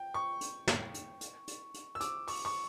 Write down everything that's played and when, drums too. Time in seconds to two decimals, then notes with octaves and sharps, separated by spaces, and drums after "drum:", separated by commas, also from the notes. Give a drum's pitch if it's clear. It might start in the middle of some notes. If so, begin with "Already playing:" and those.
Already playing: G5
0.14 C#6
0.41 drum: hi-hat
0.67 drum: snare
0.94 drum: hi-hat
1.21 drum: hi-hat
1.48 drum: hi-hat
1.74 drum: hi-hat
1.95 E6
2.01 D6, drum: hi-hat
2.28 C#6, drum: open hi-hat
2.45 C#6